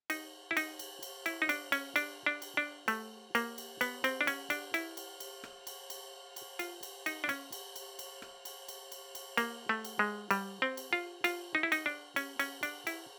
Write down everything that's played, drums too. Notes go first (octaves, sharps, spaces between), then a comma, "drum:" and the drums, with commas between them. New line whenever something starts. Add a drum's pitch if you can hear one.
D#4, drum: cymbal
E4
D#4, drum: cymbal
drum: cymbal
drum: cymbal
E4, drum: cymbal
D#4
D4, drum: cymbal
C#4, drum: cymbal
D4, drum: cymbal
D4
drum: cymbal
D4
A3, drum: cymbal
A#3, drum: cymbal
drum: cymbal
B3, drum: cymbal
C4, drum: cymbal
D4
C#4, drum: cymbal
D4, drum: cymbal
E4, drum: cymbal
drum: cymbal
drum: cymbal
drum: rim click
drum: cymbal
drum: cymbal
drum: cymbal
F4, drum: cymbal
drum: cymbal
D#4, drum: cymbal
D4
C#4, drum: cymbal
drum: cymbal
drum: cymbal
drum: cymbal
drum: rim click
drum: cymbal
drum: cymbal
drum: cymbal
drum: cymbal
A#3, drum: cymbal
A3
drum: cymbal
G#3
G3, drum: cymbal
C4
drum: cymbal
F4
F4, drum: cymbal
D#4
E4
D#4, drum: cymbal
D4
C#4, drum: cymbal
C#4, drum: cymbal
D4, drum: cymbal
E4, drum: cymbal